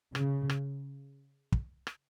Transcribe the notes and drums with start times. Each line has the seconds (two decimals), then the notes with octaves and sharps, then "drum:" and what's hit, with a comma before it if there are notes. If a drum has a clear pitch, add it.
0.15 C#3, drum: rim click
0.50 drum: rim click
1.52 drum: kick
1.87 drum: rim click